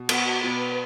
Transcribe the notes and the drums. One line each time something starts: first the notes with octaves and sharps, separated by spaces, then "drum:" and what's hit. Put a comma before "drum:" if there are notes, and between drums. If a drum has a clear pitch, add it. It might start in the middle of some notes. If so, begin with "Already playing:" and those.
Already playing: B2
B3 F#4, drum: cymbal
B2 B4